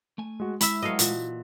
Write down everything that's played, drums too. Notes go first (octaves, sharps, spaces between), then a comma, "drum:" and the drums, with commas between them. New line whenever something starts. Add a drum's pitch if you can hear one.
A3 G#5
G#3 F#4
G#3 E4 E5 B5, drum: hi-hat
F#3 A3 B3 D#5 F5
A#2 E3, drum: hi-hat